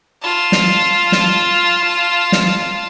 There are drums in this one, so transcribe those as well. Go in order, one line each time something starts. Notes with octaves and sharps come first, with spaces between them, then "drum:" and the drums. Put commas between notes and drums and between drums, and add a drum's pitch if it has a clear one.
F4 A5
drum: snare
drum: snare
drum: snare